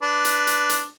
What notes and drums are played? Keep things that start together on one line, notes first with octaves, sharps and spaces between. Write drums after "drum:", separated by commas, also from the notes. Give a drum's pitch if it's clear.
D4 B4
drum: hi-hat
drum: hi-hat
drum: hi-hat